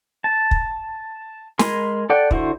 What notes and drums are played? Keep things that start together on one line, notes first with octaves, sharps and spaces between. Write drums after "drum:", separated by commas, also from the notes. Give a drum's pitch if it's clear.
A5
drum: kick
G#3 A#4 G#5 B5 C6, drum: snare
A4 D5 F#5 G5
D3 E4 F#4 C5, drum: kick